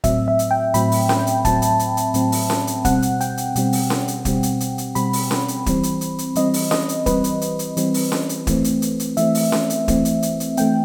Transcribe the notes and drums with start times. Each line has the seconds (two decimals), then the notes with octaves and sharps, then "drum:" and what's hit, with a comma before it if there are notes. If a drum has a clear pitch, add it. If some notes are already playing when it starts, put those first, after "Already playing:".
0.04 A2 F#3 C4 E5, drum: kick, hi-hat
0.28 E5
0.39 drum: hi-hat
0.51 G5
0.74 A2 F#3 C4 B5, drum: hi-hat
0.92 drum: open hi-hat
1.09 G5, drum: snare C#4
1.27 drum: hi-hat
1.45 A2 F#3 C4 A5, drum: kick, hi-hat
1.62 drum: hi-hat
1.79 drum: hi-hat
1.97 drum: hi-hat
2.14 A2 F#3 C4, drum: hi-hat
2.32 drum: open hi-hat
2.50 drum: snare C#4
2.67 drum: hi-hat
2.85 B2 G3 C4 F#5, drum: kick, hi-hat
3.02 drum: hi-hat
3.21 G5, drum: hi-hat
3.38 drum: hi-hat
3.56 B2 G3 C4, drum: hi-hat
3.73 drum: open hi-hat
3.90 drum: snare C#4
4.08 drum: hi-hat
4.25 B2 G3 C4, drum: kick, hi-hat
4.43 drum: hi-hat
4.60 drum: hi-hat
4.78 drum: hi-hat
4.95 B2 G3 C4 B5, drum: hi-hat
5.13 drum: open hi-hat
5.31 drum: snare C#4
5.48 drum: hi-hat
5.66 E3 G3 C4, drum: kick, hi-hat
5.83 drum: hi-hat
6.01 drum: hi-hat
6.19 drum: hi-hat
6.35 E3 G3 C4 D#5, drum: hi-hat
6.54 drum: open hi-hat
6.71 D#5, drum: snare C#4
6.89 drum: hi-hat
7.06 E3 G3 C4 B4, drum: kick, hi-hat
7.24 drum: hi-hat
7.41 drum: hi-hat
7.59 drum: hi-hat
7.77 E3 G3 C4, drum: hi-hat
7.94 drum: open hi-hat
8.12 drum: snare C#4
8.29 drum: hi-hat
8.47 E3 A3 C4, drum: kick, hi-hat
8.64 drum: hi-hat
8.82 drum: hi-hat
9.00 drum: hi-hat
9.17 E3 A3 C4 E5, drum: hi-hat
9.35 drum: open hi-hat
9.52 drum: snare C#4
9.70 drum: hi-hat
9.88 E3 A3 C4, drum: kick, hi-hat
10.05 drum: hi-hat
10.22 drum: hi-hat
10.40 drum: hi-hat
10.57 E3 A3 C4 G5, drum: hi-hat